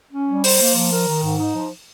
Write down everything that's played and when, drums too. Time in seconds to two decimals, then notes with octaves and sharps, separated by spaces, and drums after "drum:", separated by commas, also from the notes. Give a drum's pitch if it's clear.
0.11 C#4
0.27 G3
0.44 C5, drum: open hi-hat
0.60 A#3
0.75 F3
0.92 A#4
1.07 D#3
1.23 G#2
1.40 D#4
1.55 F3